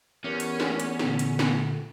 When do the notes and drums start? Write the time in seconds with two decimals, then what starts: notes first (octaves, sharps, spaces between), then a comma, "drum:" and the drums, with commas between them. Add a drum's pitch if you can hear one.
0.24 E2 C#4 G4 A#4 C#5
0.40 drum: hi-hat
0.60 drum: snare
0.80 drum: hi-hat
0.99 A#2 D3, drum: snare
1.19 drum: hi-hat
1.39 drum: snare